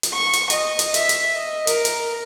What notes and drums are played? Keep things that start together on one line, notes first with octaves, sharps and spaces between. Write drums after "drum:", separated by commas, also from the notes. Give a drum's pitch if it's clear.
drum: hi-hat
C#6
drum: hi-hat
D#5, drum: hi-hat
drum: hi-hat
E5, drum: hi-hat
drum: hi-hat
D#5
A#4, drum: hi-hat
drum: hi-hat